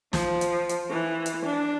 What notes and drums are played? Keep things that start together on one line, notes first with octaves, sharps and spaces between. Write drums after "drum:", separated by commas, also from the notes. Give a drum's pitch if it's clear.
F3, drum: snare
drum: hi-hat
drum: hi-hat
E3
drum: hi-hat
D4